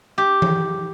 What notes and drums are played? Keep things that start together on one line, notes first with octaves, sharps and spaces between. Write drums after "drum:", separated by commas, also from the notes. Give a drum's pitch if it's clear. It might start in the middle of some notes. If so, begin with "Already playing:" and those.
G4
drum: tom E3